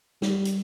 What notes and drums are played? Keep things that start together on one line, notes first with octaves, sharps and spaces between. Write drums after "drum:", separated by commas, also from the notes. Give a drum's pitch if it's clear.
G3, drum: snare
drum: hi-hat